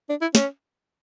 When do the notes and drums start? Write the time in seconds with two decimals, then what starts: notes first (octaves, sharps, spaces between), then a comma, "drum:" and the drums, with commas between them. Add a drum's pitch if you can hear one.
0.09 D4
0.21 E4
0.35 C#4, drum: snare